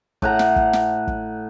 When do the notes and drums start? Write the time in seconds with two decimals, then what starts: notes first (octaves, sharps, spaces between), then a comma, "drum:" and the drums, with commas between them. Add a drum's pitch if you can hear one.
0.22 A2 F#5 A#5, drum: kick
0.39 drum: snare
0.56 drum: kick
0.73 drum: snare
1.07 drum: kick